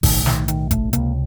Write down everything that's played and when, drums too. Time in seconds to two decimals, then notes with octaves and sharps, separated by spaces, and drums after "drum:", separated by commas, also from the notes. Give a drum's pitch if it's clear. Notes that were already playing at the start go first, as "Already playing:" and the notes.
0.03 B1 A2 D#3, drum: kick G1, open hi-hat
0.26 D#3, drum: snare
0.48 D#3, drum: hi-hat
0.71 A3, drum: kick G1, hi-hat
0.93 C#2 C3 A#3, drum: hi-hat